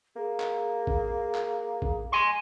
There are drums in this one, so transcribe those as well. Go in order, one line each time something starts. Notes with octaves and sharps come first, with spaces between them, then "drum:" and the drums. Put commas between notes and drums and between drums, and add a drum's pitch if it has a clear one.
A#3 G#4
drum: clap
drum: kick A1
drum: clap
drum: kick A1
G#5 C6